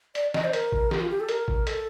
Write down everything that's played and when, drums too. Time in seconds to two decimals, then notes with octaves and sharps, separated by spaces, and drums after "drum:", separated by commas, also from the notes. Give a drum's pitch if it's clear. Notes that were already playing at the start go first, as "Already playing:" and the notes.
0.15 D5, drum: hi-hat
0.34 D#5, drum: snare
0.44 C5
0.53 A#4, drum: hi-hat
0.72 drum: kick
0.91 G4, drum: snare
1.00 F4
1.10 G4
1.20 A4
1.29 A#4, drum: hi-hat
1.48 drum: kick
1.67 A4, drum: hi-hat